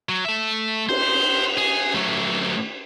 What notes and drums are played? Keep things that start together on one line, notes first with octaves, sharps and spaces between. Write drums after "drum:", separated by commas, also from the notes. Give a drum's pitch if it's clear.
F#3
A3 E5
C5, drum: cymbal
G#4
F#3 A3